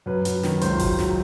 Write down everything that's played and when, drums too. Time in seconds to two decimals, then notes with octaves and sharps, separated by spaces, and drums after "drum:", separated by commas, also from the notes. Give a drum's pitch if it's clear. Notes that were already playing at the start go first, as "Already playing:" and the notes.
0.06 F#2 B4
0.25 F#2, drum: hi-hat
0.43 D#3, drum: snare
0.61 C#2 C5, drum: hi-hat
0.79 F#3, drum: kick G#1, open hi-hat
0.99 F#3, drum: snare